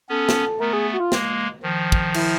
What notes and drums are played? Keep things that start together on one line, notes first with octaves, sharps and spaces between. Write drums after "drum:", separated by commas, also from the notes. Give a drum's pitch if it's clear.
B3 C#4 A4
drum: snare
A3 B3 A#4
G#4
F#4
F4
G#3 A#3, drum: snare
D#3 F3
drum: kick
E4, drum: cymbal